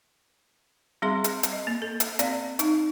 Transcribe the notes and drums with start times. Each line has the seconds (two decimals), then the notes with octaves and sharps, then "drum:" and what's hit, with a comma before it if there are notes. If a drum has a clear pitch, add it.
1.02 G3 C4 G#4 E5 C6
1.24 drum: hi-hat
1.43 drum: hi-hat
1.52 D#5
1.67 A#3
1.82 A4
2.00 drum: hi-hat
2.19 C4 D5 F5, drum: hi-hat
2.59 D#4, drum: hi-hat